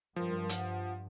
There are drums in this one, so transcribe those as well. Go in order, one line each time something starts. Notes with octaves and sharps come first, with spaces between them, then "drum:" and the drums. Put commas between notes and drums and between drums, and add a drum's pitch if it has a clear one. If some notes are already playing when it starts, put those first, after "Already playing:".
G2 F3 G3 A#4 C6
F#5, drum: hi-hat